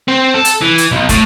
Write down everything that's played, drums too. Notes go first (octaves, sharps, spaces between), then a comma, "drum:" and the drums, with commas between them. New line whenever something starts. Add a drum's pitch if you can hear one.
C4
A4
drum: hi-hat
E3
drum: hi-hat
B1
A2, drum: kick, hi-hat